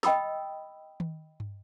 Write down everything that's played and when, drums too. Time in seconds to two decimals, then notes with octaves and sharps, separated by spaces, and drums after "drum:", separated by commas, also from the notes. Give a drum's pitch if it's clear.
0.03 D#5 G5 B5 D#6 E6, drum: snare
1.00 drum: tom D#3
1.40 drum: tom G2